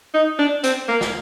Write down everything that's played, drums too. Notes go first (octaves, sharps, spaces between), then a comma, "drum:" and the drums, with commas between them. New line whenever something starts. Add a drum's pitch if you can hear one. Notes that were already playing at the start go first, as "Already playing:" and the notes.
D#4
D4
C4, drum: hi-hat
A#3
drum: snare